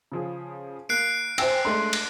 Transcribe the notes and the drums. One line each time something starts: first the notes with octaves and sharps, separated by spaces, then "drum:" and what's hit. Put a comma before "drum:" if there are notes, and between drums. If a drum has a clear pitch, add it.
C#3 F3 G#4
A#3 F#6 C7 D7
C5 E5 G5 G#5 E6, drum: cymbal
G#3 A3 D4 C6
drum: cymbal